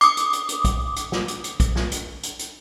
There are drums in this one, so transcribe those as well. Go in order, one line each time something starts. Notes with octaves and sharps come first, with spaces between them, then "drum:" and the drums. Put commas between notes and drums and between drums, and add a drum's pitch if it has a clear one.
D6 D#6, drum: hi-hat
drum: hi-hat
drum: hi-hat
drum: hi-hat
drum: kick, hi-hat
drum: hi-hat
drum: snare
drum: hi-hat
drum: hi-hat
drum: kick, hi-hat
drum: snare
drum: hi-hat
drum: hi-hat
drum: hi-hat